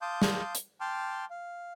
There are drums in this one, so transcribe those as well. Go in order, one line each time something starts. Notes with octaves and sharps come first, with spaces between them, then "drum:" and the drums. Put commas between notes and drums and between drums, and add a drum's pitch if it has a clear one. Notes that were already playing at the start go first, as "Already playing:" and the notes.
F5 A5 C6 D6 D#6 G6
drum: snare
drum: hi-hat
G5 A5 C6 D6 F6
F5